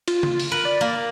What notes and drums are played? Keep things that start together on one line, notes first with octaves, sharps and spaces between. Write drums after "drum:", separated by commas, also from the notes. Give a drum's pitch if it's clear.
F4, drum: cymbal
drum: tom C#3
drum: open hi-hat
A#4 B4
D5
A#3